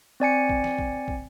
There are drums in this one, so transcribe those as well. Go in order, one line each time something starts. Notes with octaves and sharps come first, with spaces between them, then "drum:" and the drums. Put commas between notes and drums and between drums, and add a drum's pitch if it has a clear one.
C4 D5 G#5 C#7
drum: kick
drum: snare
drum: kick
drum: kick